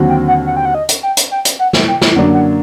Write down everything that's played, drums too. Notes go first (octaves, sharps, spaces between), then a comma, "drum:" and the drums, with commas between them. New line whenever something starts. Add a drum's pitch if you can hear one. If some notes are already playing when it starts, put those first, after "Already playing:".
Already playing: D#2 D3 F#3 C4 F#4
G5
F#5
F#5
G5
F#5
D#5
drum: hi-hat
G5
drum: hi-hat
G5
drum: hi-hat
F#5
drum: snare
G5
drum: snare
F#2 D3 F#3 A#3 D4 F#5
F#5